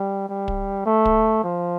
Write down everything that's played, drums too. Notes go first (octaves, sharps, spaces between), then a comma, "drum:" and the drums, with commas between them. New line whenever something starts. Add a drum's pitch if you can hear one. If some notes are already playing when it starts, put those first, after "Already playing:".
Already playing: G3
G3
drum: kick
A3
drum: kick
F3